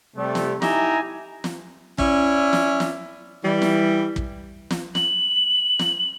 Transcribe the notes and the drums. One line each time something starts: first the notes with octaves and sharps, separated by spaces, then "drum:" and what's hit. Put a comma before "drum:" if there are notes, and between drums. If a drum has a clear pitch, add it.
C3 G3 A3
drum: snare
D#4 E4 G4 E5 G#5 A#5, drum: snare
drum: snare
C#4 E4 D5 E5, drum: kick
drum: snare
drum: snare
E3 G3
drum: snare
drum: kick
drum: snare
F#7, drum: snare
drum: snare